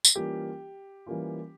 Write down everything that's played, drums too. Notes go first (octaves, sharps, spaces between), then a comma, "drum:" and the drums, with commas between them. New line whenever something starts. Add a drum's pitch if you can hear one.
drum: tambourine
E3 G3 A#3 C#4 F4 G4
E3 G3 A#3 C#4 F4